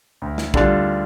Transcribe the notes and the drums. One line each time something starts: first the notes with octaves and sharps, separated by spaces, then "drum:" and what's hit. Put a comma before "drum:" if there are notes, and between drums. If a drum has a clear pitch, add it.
D2
drum: snare
D3 G3 D4 F4, drum: kick